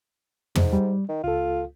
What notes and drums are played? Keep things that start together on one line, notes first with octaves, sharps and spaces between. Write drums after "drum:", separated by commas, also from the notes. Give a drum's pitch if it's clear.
G#2, drum: tom
G3
D#3
C#2 F4 A4